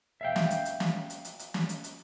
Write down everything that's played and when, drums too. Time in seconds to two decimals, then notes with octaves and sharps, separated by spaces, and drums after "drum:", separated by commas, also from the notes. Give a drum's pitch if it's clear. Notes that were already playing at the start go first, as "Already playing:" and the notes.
0.21 E5 F5 G5
0.36 drum: snare
0.51 drum: hi-hat
0.65 drum: hi-hat
0.80 drum: snare
1.10 drum: hi-hat
1.25 drum: hi-hat
1.39 drum: hi-hat
1.54 drum: snare
1.69 drum: hi-hat
1.84 drum: hi-hat